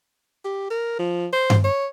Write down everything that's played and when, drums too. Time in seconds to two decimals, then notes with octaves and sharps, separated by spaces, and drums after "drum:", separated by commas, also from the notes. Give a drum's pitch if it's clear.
0.45 G4
0.71 A#4
0.99 F3
1.33 C5
1.50 drum: tom G2
1.65 C#5